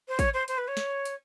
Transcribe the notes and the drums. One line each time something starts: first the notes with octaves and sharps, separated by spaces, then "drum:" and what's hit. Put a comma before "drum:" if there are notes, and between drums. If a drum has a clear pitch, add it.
C5
C#5, drum: kick, hi-hat
C5
C5, drum: hi-hat
B4
C#5
drum: snare
drum: hi-hat